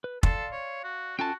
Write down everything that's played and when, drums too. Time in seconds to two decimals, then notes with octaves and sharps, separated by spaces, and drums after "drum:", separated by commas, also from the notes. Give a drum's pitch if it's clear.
0.04 B4
0.23 A4 D5 F5 C6, drum: kick
0.52 C#5
0.84 F#4
1.19 C#4 F4 F#4 A4 G5 A5